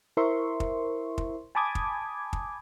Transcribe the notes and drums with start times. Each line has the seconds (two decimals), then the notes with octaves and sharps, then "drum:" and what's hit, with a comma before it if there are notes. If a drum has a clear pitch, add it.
0.17 E4 A#4 C5 E5 C6 C#6
0.60 drum: kick
1.18 drum: kick
1.55 G#5 A5 B5 D6 D#6 G#6
1.75 drum: kick
2.33 drum: kick